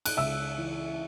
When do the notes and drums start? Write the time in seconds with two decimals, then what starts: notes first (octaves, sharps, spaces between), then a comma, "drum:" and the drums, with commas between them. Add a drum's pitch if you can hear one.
0.05 F#6, drum: cymbal
0.17 C#2 E5 E6
0.58 E3